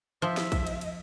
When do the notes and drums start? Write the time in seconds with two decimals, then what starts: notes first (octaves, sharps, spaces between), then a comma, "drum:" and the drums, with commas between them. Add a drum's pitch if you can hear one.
0.22 F3 E5
0.37 drum: snare
0.52 drum: kick, cymbal
0.67 drum: cymbal
0.81 drum: cymbal